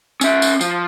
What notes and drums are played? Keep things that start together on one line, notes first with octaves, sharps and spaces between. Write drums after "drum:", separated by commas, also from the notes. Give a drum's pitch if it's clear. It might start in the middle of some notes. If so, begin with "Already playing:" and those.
C#4 E5, drum: tambourine
drum: tambourine
F3, drum: tambourine